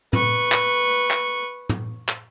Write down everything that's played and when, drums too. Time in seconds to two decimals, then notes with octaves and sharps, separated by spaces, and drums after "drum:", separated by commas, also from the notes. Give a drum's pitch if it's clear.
0.13 B4 C#6, drum: tom
0.52 drum: clap
1.11 drum: clap
1.69 drum: tom
2.09 drum: clap